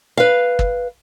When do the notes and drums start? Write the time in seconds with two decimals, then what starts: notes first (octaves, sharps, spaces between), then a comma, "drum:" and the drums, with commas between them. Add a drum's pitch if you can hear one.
0.17 B4 F5
0.59 drum: kick